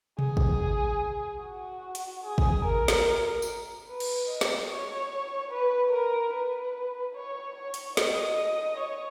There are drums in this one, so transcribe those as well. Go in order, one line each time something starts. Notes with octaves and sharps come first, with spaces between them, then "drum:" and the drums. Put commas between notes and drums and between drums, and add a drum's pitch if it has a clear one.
G#4, drum: tom B2
drum: kick
F#4
drum: hi-hat
G#4
drum: kick
A#4
drum: snare
drum: tambourine
B4
drum: cymbal
D#5
drum: snare
C#5
B4
A#4
B4
C#5
C#5
drum: hi-hat
D#5, drum: snare
C#5